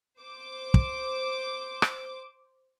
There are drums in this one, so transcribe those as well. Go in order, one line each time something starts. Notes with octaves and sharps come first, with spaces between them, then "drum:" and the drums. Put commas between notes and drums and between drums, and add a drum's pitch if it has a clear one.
C5 D6
drum: kick
drum: rim click